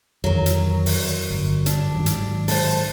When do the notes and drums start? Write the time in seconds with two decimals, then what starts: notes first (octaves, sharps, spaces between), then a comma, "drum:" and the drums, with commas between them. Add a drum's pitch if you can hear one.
0.24 F2 D#3 E3 F#3 A#4
0.46 drum: hi-hat
0.86 drum: open hi-hat
1.30 G1
1.66 D4, drum: hi-hat
1.94 G#1 D#3 F#3
2.06 drum: hi-hat
2.48 C5 A5, drum: open hi-hat